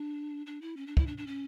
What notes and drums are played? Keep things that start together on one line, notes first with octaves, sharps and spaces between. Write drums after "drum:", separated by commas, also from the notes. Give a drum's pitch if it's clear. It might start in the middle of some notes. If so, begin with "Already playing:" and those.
Already playing: D4
D4
E4
C#4
D4
E4, drum: kick
D4
D4
C#4